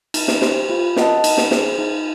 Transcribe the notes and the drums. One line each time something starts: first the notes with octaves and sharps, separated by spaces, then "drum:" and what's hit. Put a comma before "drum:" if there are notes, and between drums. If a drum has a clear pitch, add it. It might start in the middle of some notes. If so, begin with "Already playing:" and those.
D#4, drum: cymbal
drum: snare
G4 C5, drum: snare
F4
A#4 D#5 F#5 A5, drum: snare
D#4, drum: cymbal
drum: snare
G#4 C5, drum: snare
D#4